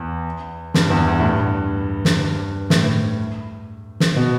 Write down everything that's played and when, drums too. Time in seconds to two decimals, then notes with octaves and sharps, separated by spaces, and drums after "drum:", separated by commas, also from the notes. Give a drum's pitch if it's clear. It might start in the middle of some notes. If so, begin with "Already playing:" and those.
Already playing: E2
0.74 G2, drum: snare
0.90 E2
1.07 E2
1.19 A2
1.24 G2
2.05 drum: snare
2.21 G2
2.70 A2, drum: snare
4.00 drum: snare
4.16 B2